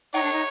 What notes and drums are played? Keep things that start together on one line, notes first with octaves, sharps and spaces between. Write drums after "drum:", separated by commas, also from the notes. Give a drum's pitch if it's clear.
D#4 C#5, drum: cymbal
D4
D#4